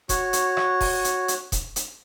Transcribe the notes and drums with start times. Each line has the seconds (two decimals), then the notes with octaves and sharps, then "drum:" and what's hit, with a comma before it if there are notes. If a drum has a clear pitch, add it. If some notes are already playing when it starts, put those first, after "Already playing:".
0.09 F#4 C#5, drum: kick E1, hi-hat
0.33 drum: hi-hat
0.57 drum: rim click
0.81 drum: kick E1, open hi-hat
1.04 drum: hi-hat
1.28 drum: hi-hat
1.52 drum: kick E1, hi-hat
1.76 drum: hi-hat